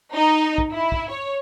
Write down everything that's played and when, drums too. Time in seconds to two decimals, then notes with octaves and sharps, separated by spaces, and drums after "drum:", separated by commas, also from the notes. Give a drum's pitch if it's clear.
0.13 D#4
0.58 drum: kick
0.70 E4
0.92 drum: kick
1.09 C#5